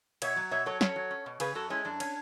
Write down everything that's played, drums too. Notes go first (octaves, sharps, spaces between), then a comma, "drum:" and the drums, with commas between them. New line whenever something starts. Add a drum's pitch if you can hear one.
B2 C#5 E5, drum: cymbal
F#3
B2 C#5 E5
F#3 A4 C#5
C#4 A4 C#5, drum: snare
F#3
C#4
B2
C#3 G#4 B4, drum: cymbal
F#2 F#4 A4
G#3 C#4 E4
F#2 D4
C#4, drum: cymbal